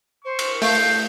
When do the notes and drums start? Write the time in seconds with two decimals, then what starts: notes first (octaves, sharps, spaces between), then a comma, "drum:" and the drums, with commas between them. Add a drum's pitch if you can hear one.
0.24 C5 C#6
0.39 drum: cymbal
0.62 A3 F5 G6, drum: open hi-hat